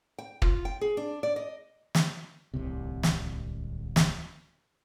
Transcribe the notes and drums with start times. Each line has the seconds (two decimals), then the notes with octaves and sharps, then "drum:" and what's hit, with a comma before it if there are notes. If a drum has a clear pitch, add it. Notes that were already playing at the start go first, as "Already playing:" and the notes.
0.19 G5
0.42 F4, drum: kick
0.65 G5
0.81 G#4
0.97 D4
1.23 D5
1.36 D#5
1.95 drum: snare
2.54 D1 C2 C3
3.03 drum: snare
3.96 drum: snare